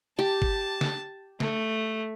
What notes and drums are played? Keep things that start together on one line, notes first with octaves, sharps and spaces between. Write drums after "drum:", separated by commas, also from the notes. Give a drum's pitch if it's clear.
G4 A5
drum: kick G1
drum: snare
A3, drum: snare